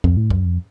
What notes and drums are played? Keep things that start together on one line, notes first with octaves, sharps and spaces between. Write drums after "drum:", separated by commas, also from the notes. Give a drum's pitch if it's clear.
F2, drum: kick
A2
F#2, drum: kick
F2